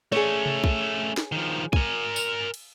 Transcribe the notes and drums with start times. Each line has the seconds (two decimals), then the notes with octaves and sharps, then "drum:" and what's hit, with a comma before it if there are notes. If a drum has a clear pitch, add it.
0.12 A3 C#4 G#4 C#5
0.46 drum: tom C3
0.64 drum: kick
1.17 drum: snare
1.32 D#3 F3
1.73 A#4 G#5, drum: kick
2.16 drum: tambourine
2.54 drum: cymbal